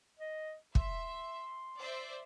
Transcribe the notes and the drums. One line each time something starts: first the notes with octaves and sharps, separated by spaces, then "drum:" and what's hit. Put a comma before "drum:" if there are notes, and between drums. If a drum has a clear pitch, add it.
D#5
E5 C6, drum: kick
C5 D5 E5